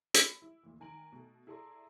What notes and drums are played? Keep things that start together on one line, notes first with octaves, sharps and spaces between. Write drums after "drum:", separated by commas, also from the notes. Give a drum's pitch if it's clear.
B5, drum: hi-hat
E4
D2 A#2 E3
D#3 G#5 A#5 D7 F#7
B2 A3
E4 G#4 A4 D5 A#5 C6